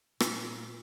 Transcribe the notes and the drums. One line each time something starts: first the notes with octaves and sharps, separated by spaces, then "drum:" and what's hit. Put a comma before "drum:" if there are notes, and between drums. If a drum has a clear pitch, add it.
A#2, drum: rim click